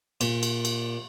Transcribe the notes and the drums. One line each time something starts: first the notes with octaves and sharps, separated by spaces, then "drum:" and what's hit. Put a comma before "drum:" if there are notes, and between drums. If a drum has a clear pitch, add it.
A#2, drum: cymbal
drum: cymbal
drum: cymbal